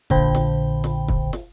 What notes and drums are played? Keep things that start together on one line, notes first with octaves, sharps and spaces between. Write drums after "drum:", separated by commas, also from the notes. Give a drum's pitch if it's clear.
A#1 A#2 D3 C5 G5 B5, drum: kick
drum: snare
drum: snare
drum: kick
drum: snare